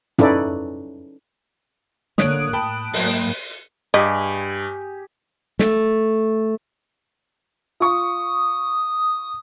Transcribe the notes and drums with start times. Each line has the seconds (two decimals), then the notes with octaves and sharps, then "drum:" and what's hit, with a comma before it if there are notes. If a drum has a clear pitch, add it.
0.19 C#4 D#4 E4 A4 B4 D5, drum: tom
2.18 D3 A#3 C#5 D#6 F#6 D7, drum: snare
2.53 A2 G5 A5 B5
2.93 G#2 F#3 A#3, drum: open hi-hat
3.94 G2 G4 G#4 D#5
5.59 A3, drum: snare
7.80 F4 C#6 D#6